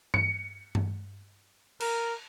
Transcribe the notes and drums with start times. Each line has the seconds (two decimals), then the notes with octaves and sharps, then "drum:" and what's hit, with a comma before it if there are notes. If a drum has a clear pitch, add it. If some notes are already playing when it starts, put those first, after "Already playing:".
0.14 C#7, drum: tom G2
0.75 drum: tom G2
1.80 A#4, drum: cymbal